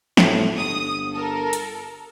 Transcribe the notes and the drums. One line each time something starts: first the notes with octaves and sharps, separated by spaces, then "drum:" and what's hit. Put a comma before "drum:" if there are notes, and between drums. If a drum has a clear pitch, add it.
A2, drum: snare
G1 D#6
A4 A#4
drum: hi-hat